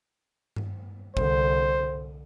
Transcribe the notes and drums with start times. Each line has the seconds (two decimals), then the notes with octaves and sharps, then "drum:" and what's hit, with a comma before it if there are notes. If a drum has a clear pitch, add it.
0.56 drum: tom G2
1.17 C2 D3 C5, drum: kick